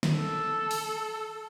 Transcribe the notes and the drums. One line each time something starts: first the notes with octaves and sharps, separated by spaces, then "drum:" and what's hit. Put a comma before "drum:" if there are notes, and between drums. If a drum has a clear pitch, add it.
drum: snare
A4
drum: open hi-hat